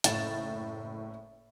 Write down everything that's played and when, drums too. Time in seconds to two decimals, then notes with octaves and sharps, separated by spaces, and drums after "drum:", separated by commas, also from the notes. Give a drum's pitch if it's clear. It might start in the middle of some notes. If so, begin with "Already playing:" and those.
0.04 F#1 A2 A6 E7, drum: hi-hat